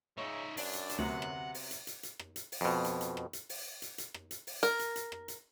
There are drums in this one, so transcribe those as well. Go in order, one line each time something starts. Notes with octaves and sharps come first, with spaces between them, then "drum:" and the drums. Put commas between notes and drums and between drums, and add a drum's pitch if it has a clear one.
C#3 D#4 C#5 E5
F#2 D4, drum: open hi-hat
drum: hi-hat
drum: hi-hat
D2 C3 F#3 B3 F#5
drum: rim click
drum: open hi-hat
drum: hi-hat
drum: hi-hat
drum: hi-hat
drum: rim click
drum: hi-hat
drum: open hi-hat
F2 B2
drum: hi-hat
drum: hi-hat
drum: rim click
drum: hi-hat
drum: open hi-hat
drum: hi-hat
drum: hi-hat
drum: rim click
drum: hi-hat
drum: open hi-hat
A#4, drum: hi-hat
drum: hi-hat
drum: hi-hat
drum: rim click
drum: hi-hat